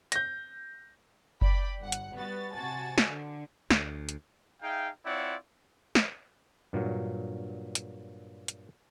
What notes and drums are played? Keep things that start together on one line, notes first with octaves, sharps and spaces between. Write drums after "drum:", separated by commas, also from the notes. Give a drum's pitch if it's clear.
G6 A#6, drum: hi-hat
D5 G5 B5, drum: kick F#1
G1 F#5
drum: hi-hat
G3 B3 F#4 A6
C3 F#4 G#5 A5 A6
drum: snare
D3
D2, drum: snare
drum: hi-hat
D#4 G#4 E5 F5 G5
C4 E4 F4 C#5 D5 F#5
drum: snare
G2 A#2 F#3
drum: hi-hat
drum: hi-hat